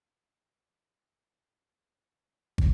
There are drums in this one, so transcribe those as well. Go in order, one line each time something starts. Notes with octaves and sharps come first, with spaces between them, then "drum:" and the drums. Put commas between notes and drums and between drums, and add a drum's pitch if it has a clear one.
D2
E3
D#3
G2
F#3
A#1
drum: kick